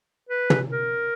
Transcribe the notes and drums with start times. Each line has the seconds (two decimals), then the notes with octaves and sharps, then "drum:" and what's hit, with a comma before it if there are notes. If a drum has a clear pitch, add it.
0.29 B4
0.50 drum: tom
0.71 A#4